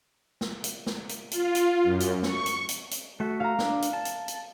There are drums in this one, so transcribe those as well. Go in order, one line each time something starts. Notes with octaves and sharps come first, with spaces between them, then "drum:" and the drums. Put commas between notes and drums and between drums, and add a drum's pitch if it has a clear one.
drum: snare
drum: hi-hat
drum: snare
drum: hi-hat
F4, drum: hi-hat
drum: hi-hat
F#2
drum: hi-hat
C#6, drum: snare
drum: hi-hat
drum: hi-hat
drum: hi-hat
A3 F#4 E5
F5 A#5
D4, drum: snare
drum: hi-hat
A5
drum: hi-hat
drum: hi-hat